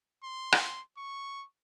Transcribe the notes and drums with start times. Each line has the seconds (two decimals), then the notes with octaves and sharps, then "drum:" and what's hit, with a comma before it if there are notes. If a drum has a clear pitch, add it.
0.24 C6
0.52 drum: rim click
0.97 C#6